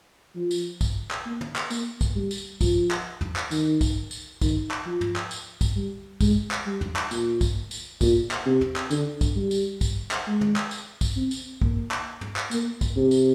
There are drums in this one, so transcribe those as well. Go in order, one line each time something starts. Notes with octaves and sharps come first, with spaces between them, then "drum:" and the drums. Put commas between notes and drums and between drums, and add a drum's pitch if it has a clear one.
F3
drum: tambourine
drum: kick, tambourine
drum: clap
A#3
drum: tom
drum: clap
A#3, drum: tambourine
drum: kick, tambourine
G3
drum: tambourine
F3, drum: kick, tambourine
drum: clap
drum: tom
drum: clap
D#3, drum: tambourine
drum: kick, tambourine
drum: tambourine
D#3, drum: kick, tambourine
drum: clap
F3
drum: tom
drum: clap
drum: tambourine
drum: kick, tambourine
G3
G#3, drum: kick, tambourine
drum: clap
G3
drum: tom
drum: clap
A#2, drum: tambourine
drum: kick, tambourine
drum: tambourine
A#2, drum: kick, tambourine
drum: clap
C3
drum: tom
drum: clap
D3, drum: tambourine
drum: kick, tambourine
G3
drum: tambourine
drum: kick, tambourine
drum: clap
G#3
drum: tom
drum: clap
drum: tambourine
drum: kick, tambourine
C4
drum: tambourine
A#3, drum: kick
drum: clap
drum: tom
drum: clap
A#3, drum: tambourine
drum: kick, tambourine
C3
drum: tambourine